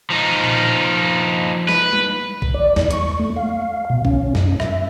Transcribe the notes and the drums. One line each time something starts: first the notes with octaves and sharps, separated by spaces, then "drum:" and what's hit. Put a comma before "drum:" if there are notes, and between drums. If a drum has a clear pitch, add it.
F3 D#4
drum: tom A#2
B4, drum: snare
drum: tom G3
drum: kick A1
D5
E2, drum: snare
C#6, drum: hi-hat
A3
F5
B2
C#4, drum: kick A1
F#2, drum: snare
E5, drum: rim click